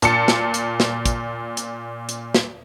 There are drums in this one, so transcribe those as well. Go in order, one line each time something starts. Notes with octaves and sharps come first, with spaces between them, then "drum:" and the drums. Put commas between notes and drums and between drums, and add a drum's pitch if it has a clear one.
A#2 A5 C#7, drum: hi-hat
drum: snare
drum: hi-hat
drum: snare
drum: kick, hi-hat
drum: hi-hat
drum: hi-hat
drum: snare